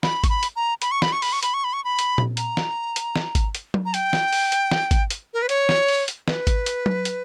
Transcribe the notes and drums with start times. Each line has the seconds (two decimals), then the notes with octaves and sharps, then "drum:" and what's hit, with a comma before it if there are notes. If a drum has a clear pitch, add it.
0.03 B5, drum: snare
0.24 C#6, drum: kick G#1, hi-hat
0.29 B5
0.43 drum: hi-hat
0.56 A#5
0.82 B5, drum: hi-hat
0.91 C#6
1.02 B5, drum: snare
1.12 C#6
1.22 B5, drum: open hi-hat
1.33 C#6
1.43 B5, drum: hi-hat
1.54 C#6
1.64 B5
1.73 C#6
1.85 B5
1.99 drum: hi-hat
2.18 drum: tom A#2
2.37 A#5, drum: hi-hat
2.57 drum: snare
2.96 drum: hi-hat
3.16 drum: snare
3.35 drum: kick G#1, hi-hat
3.55 drum: hi-hat
3.74 drum: tom F#3
3.85 A#5
3.94 G5, drum: hi-hat
4.13 drum: snare
4.33 drum: open hi-hat
4.52 drum: hi-hat
4.71 drum: snare
4.91 drum: kick G#1, hi-hat
5.10 drum: hi-hat
5.34 A#4
5.42 B4
5.49 C#5, drum: hi-hat
5.69 drum: snare
5.88 drum: open hi-hat
6.08 drum: hi-hat
6.28 B4, drum: snare
6.47 drum: kick G#1, hi-hat
6.66 drum: hi-hat
6.86 drum: tom F#3
7.05 drum: hi-hat